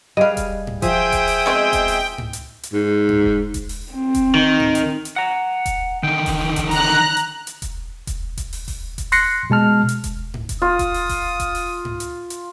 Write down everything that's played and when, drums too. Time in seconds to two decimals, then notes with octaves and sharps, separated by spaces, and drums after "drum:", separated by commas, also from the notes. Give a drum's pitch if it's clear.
0.17 G3 G#4 B4 D#5 F5
0.37 drum: kick E1, hi-hat
0.67 drum: tom G#2
0.82 F3 G#4 E5 G5 D#6, drum: kick E1, hi-hat
1.12 drum: kick E1, hi-hat
1.27 drum: open hi-hat
1.46 B2 G#3 C4
1.73 drum: kick E1, hi-hat
1.88 drum: open hi-hat
2.18 drum: tom G#2
2.33 drum: hi-hat
2.63 drum: hi-hat
2.73 G#2
3.09 drum: tom G#2
3.24 drum: kick E1
3.54 drum: kick E1, hi-hat
3.69 drum: open hi-hat
3.92 C4
4.15 drum: kick E1, hi-hat
4.35 D#3
4.60 drum: tom G#2
4.75 drum: hi-hat
5.05 drum: hi-hat
5.16 F#5 A#5
5.66 drum: kick E1, hi-hat
6.03 D3 D#3 G5
6.26 drum: kick E1, open hi-hat
6.56 drum: kick E1, hi-hat
6.71 A#5 F#6, drum: open hi-hat
7.17 drum: hi-hat
7.47 drum: hi-hat
7.62 drum: kick E1, hi-hat
8.07 drum: kick E1, hi-hat
8.37 drum: kick E1, hi-hat
8.53 drum: open hi-hat
8.68 drum: kick E1, open hi-hat
8.98 drum: kick E1, hi-hat
9.12 C6 F#6 A#6 C7 C#7, drum: open hi-hat
9.50 B2 G#3 A5 F6
9.89 drum: hi-hat
10.04 drum: kick E1, hi-hat
10.34 drum: tom G#2
10.49 drum: kick E1, hi-hat
10.62 F4 D#6
10.79 drum: kick E1, hi-hat
10.94 drum: open hi-hat
11.09 drum: kick E1, open hi-hat
11.40 drum: kick E1, hi-hat
11.55 drum: open hi-hat
11.85 drum: tom G#2
12.00 drum: hi-hat
12.30 drum: hi-hat